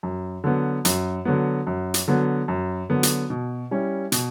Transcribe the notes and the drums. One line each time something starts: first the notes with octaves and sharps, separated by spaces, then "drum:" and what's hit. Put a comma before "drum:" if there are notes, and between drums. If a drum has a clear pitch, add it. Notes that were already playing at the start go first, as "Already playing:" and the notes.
F#2
D3 F#3 B3
F#2, drum: hi-hat
D3 F#3 B3
F#2
drum: hi-hat
D3 F#3 B3
F#2
D3 F#3 B3
drum: hi-hat
B2
G3 C#4 E4
B2, drum: hi-hat